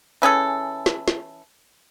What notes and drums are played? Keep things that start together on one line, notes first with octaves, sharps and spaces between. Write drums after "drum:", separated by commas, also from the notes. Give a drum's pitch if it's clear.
E3 C#4 G#4 A4
drum: snare
drum: snare